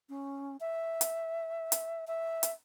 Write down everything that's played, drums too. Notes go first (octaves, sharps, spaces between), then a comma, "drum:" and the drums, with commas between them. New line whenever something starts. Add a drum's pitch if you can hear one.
C#4
E5
drum: hi-hat
drum: hi-hat
E5
drum: hi-hat